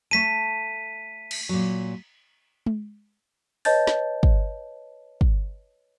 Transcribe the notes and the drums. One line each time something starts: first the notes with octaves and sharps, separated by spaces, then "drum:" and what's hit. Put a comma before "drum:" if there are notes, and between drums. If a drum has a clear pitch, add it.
A3 A5 B6 D#7
drum: cymbal
A#2 F#3
drum: tom G#3
B4 C#5 D#5 A5 G6 A6, drum: open hi-hat
drum: snare
drum: kick
drum: kick